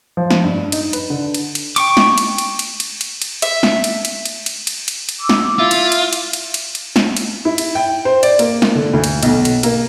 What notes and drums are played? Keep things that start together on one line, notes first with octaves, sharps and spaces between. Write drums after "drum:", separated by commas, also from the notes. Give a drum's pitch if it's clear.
F3
drum: snare
G2
D#4, drum: cymbal
B4, drum: cymbal
D3
drum: cymbal
drum: cymbal
G5 C#6 D6, drum: cymbal
drum: snare
drum: cymbal
drum: cymbal
drum: cymbal
drum: cymbal
drum: cymbal
drum: cymbal
E5, drum: cymbal
drum: snare
drum: cymbal
drum: cymbal
drum: cymbal
drum: cymbal
drum: cymbal
drum: cymbal
drum: cymbal
D6 E6
drum: snare
E4 F4
drum: cymbal
drum: cymbal
drum: cymbal
drum: cymbal
drum: cymbal
drum: cymbal
drum: snare
drum: cymbal
E4
drum: cymbal
G5
C5
D5, drum: cymbal
A#3, drum: cymbal
drum: snare
D3
D2
drum: cymbal
B1, drum: cymbal
drum: cymbal
A#3, drum: cymbal